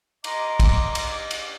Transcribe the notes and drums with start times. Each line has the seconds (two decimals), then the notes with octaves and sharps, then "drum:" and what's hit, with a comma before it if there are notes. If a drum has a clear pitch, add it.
0.24 D#5 A#5 C6 D6, drum: cymbal
0.60 drum: kick, cymbal
0.95 drum: cymbal
1.31 drum: cymbal